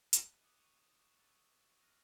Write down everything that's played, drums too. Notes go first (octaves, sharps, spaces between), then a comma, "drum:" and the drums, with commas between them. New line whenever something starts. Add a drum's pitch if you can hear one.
E6 F#6 D#7 E7, drum: hi-hat
D6 D#6 F#6 C#7 G7
C#6 G6 C#7 D#7 F7 G7
E7
C#6 E6 A6 D#7
F6 F#6 A#6 D#7 F7